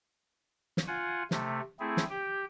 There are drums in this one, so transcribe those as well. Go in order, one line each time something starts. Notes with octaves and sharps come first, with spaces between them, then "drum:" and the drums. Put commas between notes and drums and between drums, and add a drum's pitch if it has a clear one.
drum: snare
F4 F#5 G#5
C3 A3, drum: snare
A3 C4 E4 G#4
drum: snare
G4 G5